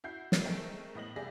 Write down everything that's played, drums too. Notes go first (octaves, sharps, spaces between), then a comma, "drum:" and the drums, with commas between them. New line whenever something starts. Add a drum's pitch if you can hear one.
E4 F#4 G6 C7
drum: snare
G#3 A3 C4 A#4 G5 D7
A2 B3 D#5 A#6 F#7
C2 G4 G#4 D5 E5 A#6